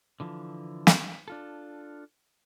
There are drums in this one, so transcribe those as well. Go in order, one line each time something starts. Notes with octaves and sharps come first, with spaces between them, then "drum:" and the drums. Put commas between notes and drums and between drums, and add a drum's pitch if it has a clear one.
D3 E3 F3
drum: snare
D4 F4 A4